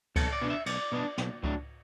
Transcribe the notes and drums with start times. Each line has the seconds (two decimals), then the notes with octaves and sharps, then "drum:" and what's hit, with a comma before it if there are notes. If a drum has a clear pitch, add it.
0.16 B1 A4, drum: kick C#2, cymbal
0.32 D5
0.41 B2 B3 D4
0.50 E5
0.66 B1 D5, drum: cymbal
0.92 B2 B3 D4
1.18 B1, drum: snare
1.44 A2 F#3 D4, drum: kick C#2